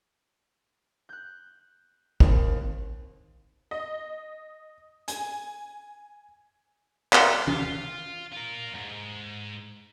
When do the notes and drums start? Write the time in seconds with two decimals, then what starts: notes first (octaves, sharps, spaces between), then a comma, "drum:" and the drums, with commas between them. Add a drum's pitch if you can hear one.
1.09 F#6 G6
2.20 D#2 C4, drum: kick
3.71 D#5
5.08 G#5, drum: hi-hat
7.13 drum: clap
7.47 F4, drum: tom
8.33 F4 A#4
8.73 E2 G#2